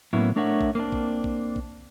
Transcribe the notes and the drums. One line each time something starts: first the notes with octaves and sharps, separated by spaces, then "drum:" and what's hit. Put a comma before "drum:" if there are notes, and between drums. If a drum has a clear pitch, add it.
A2 F#3 A#3 B3 C#4 E4
A3 D4 A#4 C#5 E5 F#5
drum: kick A#1
A#3 C4 D4
drum: kick A#1
drum: kick A#1
drum: kick A#1